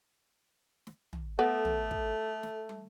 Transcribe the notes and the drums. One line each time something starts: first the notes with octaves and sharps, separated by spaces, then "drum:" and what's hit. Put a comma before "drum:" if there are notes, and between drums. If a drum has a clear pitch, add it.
drum: snare
drum: tom
A3 B3 A4
drum: tom
drum: kick
drum: snare
drum: tom